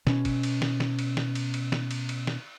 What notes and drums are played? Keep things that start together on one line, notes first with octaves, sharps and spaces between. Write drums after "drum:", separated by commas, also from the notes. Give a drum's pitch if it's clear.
B2 C#4, drum: snare
drum: kick, cymbal
drum: cymbal
drum: snare
drum: snare
drum: cymbal
drum: snare
drum: cymbal
drum: cymbal
drum: snare
drum: cymbal
drum: cymbal
drum: snare